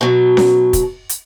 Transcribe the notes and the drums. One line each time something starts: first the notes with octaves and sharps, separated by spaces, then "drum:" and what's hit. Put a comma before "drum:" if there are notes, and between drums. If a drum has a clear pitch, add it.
B2 F#3
drum: snare C#4
drum: kick, hi-hat
drum: hi-hat